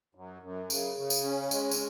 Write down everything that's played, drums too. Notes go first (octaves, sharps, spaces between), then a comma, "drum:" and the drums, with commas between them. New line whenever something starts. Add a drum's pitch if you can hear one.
F#2
F#2
C#3, drum: tambourine
C#3
drum: tambourine
C#4
G#3, drum: tambourine
drum: tambourine